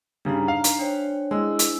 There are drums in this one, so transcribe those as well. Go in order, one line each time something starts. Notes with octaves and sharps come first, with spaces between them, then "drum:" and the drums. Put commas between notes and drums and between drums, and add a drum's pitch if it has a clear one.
G2 C#3 G3 D4 D#4 A#5
F5
drum: hi-hat
D4 C5 C#5 G5
G#3 E4 G#5 E6
drum: hi-hat